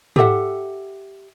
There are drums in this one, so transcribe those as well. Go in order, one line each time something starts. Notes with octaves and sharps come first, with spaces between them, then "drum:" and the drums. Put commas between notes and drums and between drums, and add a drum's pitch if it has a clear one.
G4 A4 E5 F#5, drum: tom G#2